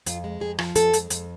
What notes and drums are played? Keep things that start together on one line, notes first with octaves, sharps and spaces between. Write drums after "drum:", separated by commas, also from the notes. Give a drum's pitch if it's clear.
F2 F4, drum: hi-hat
G#3
F2 G#4
F3, drum: rim click
F2 A4, drum: hi-hat
G#3, drum: hi-hat
F2, drum: hi-hat